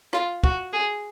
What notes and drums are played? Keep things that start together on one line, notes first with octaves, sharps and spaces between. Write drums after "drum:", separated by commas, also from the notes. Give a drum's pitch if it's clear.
F4, drum: rim click
F#4, drum: kick
G#4